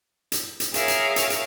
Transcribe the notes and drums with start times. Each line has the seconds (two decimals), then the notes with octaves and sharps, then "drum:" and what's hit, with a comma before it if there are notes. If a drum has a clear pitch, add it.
0.32 drum: hi-hat
0.60 drum: hi-hat
0.74 G#4 A#4 C#5 E5 F5, drum: hi-hat
0.88 drum: hi-hat
1.16 drum: hi-hat
1.30 drum: hi-hat